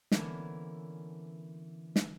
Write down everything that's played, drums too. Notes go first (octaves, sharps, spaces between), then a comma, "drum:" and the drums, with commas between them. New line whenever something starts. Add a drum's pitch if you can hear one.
D3 E3 A#3 B3 C#4 D4, drum: snare
drum: snare